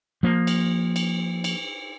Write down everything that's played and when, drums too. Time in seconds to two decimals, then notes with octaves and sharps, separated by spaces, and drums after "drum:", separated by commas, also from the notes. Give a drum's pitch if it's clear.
0.23 F3 A#3
0.47 drum: cymbal
0.96 drum: cymbal
1.44 drum: cymbal